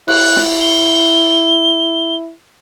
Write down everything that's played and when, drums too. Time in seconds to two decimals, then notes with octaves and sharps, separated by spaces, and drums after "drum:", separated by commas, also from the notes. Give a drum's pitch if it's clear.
0.08 E4 F#6, drum: cymbal
0.36 drum: snare
0.61 G7